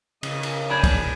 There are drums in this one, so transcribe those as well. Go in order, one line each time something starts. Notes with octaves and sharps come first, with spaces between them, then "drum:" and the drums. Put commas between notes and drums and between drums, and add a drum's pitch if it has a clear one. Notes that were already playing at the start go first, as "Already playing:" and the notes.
C#3 A#4 D#5, drum: cymbal
drum: cymbal
D4 G#5 B5 G6 G#6
drum: kick, cymbal